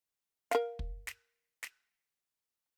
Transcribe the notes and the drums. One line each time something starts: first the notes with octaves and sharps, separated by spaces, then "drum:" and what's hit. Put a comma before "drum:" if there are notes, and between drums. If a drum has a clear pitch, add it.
A#4 F5, drum: snare
drum: kick
drum: snare
drum: snare